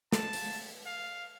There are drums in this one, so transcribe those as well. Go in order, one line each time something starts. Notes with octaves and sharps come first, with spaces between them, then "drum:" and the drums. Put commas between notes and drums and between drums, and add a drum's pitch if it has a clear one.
A5, drum: snare
drum: open hi-hat
F5